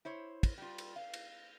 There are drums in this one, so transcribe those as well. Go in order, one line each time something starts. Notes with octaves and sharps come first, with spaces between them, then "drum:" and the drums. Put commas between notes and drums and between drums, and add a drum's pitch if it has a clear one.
E4 C5 C#5
drum: kick, cymbal
G3 F4
drum: cymbal
F5
drum: cymbal